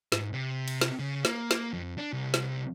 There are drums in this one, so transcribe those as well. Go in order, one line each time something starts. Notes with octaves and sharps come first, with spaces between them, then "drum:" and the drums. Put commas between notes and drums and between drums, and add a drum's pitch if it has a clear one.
G#2, drum: snare
C3
drum: cymbal
drum: snare
C#3
A#3, drum: snare
drum: snare
F2
D4
C2
drum: snare